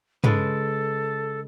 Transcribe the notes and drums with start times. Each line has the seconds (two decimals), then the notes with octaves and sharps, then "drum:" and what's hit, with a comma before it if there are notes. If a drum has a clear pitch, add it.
0.24 C#3 G#3 A4 B4, drum: tom G2